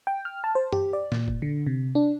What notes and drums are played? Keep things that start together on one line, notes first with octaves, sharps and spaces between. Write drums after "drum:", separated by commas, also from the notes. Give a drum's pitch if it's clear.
G5
F6
A5
C5
G4, drum: tom F#2
D5
A#2, drum: snare
drum: kick
D3
C3
D4